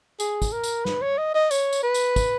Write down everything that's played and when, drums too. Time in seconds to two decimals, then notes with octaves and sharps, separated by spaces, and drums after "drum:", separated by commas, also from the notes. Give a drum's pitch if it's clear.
0.20 G#4, drum: tambourine
0.42 drum: kick, tambourine
0.53 A#4
0.63 drum: tambourine
0.85 B4, drum: snare
1.02 C#5
1.18 D#5
1.35 D#5
1.51 C#5, drum: tambourine
1.73 drum: tambourine
1.83 B4
1.94 drum: tambourine
2.16 drum: kick, tambourine